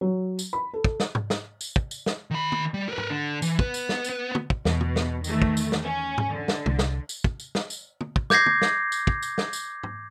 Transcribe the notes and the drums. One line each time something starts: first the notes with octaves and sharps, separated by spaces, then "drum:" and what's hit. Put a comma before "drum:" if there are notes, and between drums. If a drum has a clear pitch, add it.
F#3
drum: tambourine
B5
A4
drum: kick
drum: snare
drum: tom G#2
drum: snare
drum: tambourine
drum: kick
drum: tambourine
drum: snare
D#3 B5
drum: tom
G3
A#4 B4
drum: tom
D3
E3, drum: tambourine
B3 B4, drum: kick
drum: tambourine
drum: snare
drum: tambourine
drum: tom
drum: kick
E2 B2, drum: snare
drum: tom
drum: snare
D#3 E3 A3, drum: tambourine
drum: kick
drum: tambourine
drum: snare
C#4
drum: tom G#2
D3
drum: snare
C2, drum: tom
drum: snare
drum: tambourine
drum: kick
drum: tambourine
drum: snare
drum: tambourine
drum: tom
drum: kick
D6 G6 G#6 A#6 C7, drum: snare
drum: tom
drum: snare
drum: tambourine
drum: kick
drum: tambourine
drum: snare
drum: tambourine
drum: tom